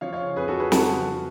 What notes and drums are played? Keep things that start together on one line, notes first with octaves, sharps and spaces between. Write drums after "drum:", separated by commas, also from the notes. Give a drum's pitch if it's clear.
F3 C#5 F5
C#5 F5
C#3
F2 G#4 B4
F#4 A4
F2
G#4 B4
F3 F#5 A5, drum: snare
C#3